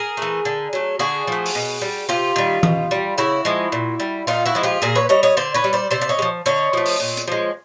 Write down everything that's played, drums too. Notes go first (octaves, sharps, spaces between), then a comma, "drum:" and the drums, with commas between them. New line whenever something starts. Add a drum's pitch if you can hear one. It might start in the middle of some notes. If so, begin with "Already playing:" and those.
Already playing: G#4 A#4
E3 A3
D3
F#3 A3
D3 F#4 G#4
F3 A3
drum: open hi-hat
B2
G3
C3 F4 G4
D#3 G3
B2, drum: tom E3
G3
C#3 E4 F#4
F3 G#3
A#2
G3
A#2 D#4 F4
E4 F#4
F3 G#3
F4 G4
A#2 G#4 A#4
B4 C#5
G3 C#5 D#5
C#5 D#5
D3 C5 D5
B4 C#5
G3
C5 D5
C3 C5 D5
D5
C#5 D#5
G#3
F3
D3 C#5 D#5
F3 A3
drum: open hi-hat
A#2
drum: hi-hat
F3 G#3